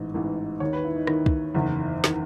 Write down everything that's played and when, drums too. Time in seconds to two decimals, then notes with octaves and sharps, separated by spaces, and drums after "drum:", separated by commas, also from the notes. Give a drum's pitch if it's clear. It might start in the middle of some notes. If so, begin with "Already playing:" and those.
Already playing: A1 G#2 E3 D#5
0.14 A1 G#2 E3
0.60 D#2 C#5
0.66 D#3
0.73 B4
0.85 E4
0.96 D#4
1.07 D#2 D#3 E4, drum: rim click
1.26 drum: kick
1.54 F#1 E2 D#3
2.04 D#3, drum: snare